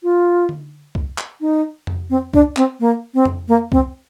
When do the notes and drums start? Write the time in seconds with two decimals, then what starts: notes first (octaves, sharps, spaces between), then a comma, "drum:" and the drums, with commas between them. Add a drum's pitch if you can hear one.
0.03 F4
0.49 drum: tom D3
0.95 drum: kick
1.18 drum: clap
1.41 D#4
1.87 drum: tom F2
2.10 C4
2.34 D4, drum: kick
2.56 C4, drum: clap
2.80 A#3
3.14 C4
3.25 drum: tom F2
3.48 A#3
3.72 C4, drum: kick